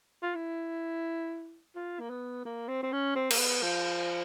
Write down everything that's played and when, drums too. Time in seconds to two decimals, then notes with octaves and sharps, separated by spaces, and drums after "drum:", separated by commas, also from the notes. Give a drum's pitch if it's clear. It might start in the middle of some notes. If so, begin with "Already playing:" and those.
0.22 F4
0.35 E4
1.75 F4
2.00 A#3
2.10 B3
2.45 A#3
2.68 C4
2.83 C4
2.92 C#4
3.16 C4
3.31 A#3, drum: cymbal
3.38 B3
3.62 F3